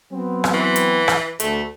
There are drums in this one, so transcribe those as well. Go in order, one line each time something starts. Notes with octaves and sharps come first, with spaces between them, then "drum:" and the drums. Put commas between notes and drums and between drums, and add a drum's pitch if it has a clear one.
F#3 B3 C4
drum: rim click
E3
drum: hi-hat
drum: rim click
D2 A3, drum: hi-hat